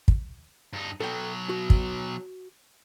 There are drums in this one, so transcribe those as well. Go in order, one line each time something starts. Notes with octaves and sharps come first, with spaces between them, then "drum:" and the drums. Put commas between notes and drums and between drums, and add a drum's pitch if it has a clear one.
drum: kick
G2 D#4
B2 F#3 A4 G5
F#4
drum: kick